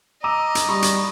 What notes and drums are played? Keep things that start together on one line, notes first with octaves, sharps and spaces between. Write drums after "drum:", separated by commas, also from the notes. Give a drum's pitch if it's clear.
D#5 A#5 D6 E6 D#7
drum: hi-hat
G3 B5 C#6 D#6
drum: hi-hat